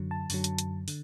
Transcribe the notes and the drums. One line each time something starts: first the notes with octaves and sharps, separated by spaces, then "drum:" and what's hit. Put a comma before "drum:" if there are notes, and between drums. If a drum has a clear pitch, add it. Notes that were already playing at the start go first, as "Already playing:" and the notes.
Already playing: F#2 D3 F#3
A5
F#2 D3 F#3, drum: open hi-hat
drum: hi-hat
drum: hi-hat
D3, drum: open hi-hat